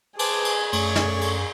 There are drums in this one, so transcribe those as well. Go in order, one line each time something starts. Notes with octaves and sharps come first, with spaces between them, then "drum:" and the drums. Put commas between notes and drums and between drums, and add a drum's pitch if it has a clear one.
G#4 B4 C5 G#5 A5 D6, drum: cymbal
drum: cymbal
F#2 A3 C#5 D5, drum: cymbal
drum: snare
drum: cymbal